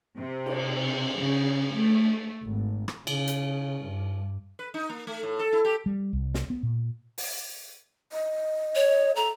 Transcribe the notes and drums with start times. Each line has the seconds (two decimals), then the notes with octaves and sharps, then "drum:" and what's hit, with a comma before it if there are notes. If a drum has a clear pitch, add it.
0.18 C3
0.46 drum: cymbal
1.17 C#3
1.73 A3
2.45 G#1
2.88 drum: rim click
3.07 C#3, drum: cymbal
3.28 drum: hi-hat
3.83 G2
4.59 B4
4.74 D#4
4.90 A#3
5.07 A3
5.23 A2
5.39 A4
5.53 E4
5.65 G4
5.86 G3
6.13 C2
6.34 drum: snare
6.50 B3
6.63 A#2
7.18 drum: open hi-hat
8.12 D#5
8.75 C#5
9.16 A4 A#5